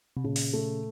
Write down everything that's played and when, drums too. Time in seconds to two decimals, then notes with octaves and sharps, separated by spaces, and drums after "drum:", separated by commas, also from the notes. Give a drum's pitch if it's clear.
0.17 C3
0.24 A#2 C#3
0.36 drum: open hi-hat
0.53 A3